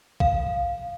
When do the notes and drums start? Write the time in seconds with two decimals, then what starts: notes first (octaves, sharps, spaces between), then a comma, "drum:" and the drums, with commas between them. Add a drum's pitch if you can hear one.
0.20 F5, drum: kick B1